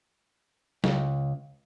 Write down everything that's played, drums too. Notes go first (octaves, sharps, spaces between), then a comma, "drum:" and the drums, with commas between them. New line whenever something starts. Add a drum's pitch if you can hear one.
C#2, drum: snare